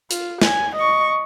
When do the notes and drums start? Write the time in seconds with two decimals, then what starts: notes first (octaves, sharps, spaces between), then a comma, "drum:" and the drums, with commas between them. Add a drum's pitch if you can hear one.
0.11 F4, drum: hi-hat
0.41 G#5, drum: snare
0.76 D#5 C#6